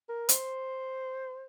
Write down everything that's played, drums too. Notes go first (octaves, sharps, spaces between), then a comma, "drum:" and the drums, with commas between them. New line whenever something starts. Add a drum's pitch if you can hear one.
A#4
C5, drum: hi-hat